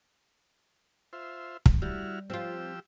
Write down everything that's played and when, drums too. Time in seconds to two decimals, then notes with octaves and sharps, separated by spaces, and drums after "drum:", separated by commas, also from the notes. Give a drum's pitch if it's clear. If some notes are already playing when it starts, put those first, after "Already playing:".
1.13 F4 C5 E5
1.66 drum: kick
1.82 G3 E4 F#4 F6
2.30 F3 C4 F4 G4 E6